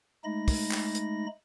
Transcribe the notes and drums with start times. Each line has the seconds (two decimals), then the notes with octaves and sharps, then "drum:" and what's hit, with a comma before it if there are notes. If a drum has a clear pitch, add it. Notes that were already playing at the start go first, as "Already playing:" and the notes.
0.24 G#3 A3 D#4 B5 A#6
0.48 drum: kick, open hi-hat
0.71 drum: clap
0.95 drum: hi-hat